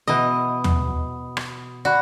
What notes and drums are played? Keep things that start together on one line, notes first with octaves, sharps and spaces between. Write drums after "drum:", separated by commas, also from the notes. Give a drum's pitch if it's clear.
B2 E3 D#5 B5 D#6
drum: tom D#2
drum: rim click
F#4 D5 B5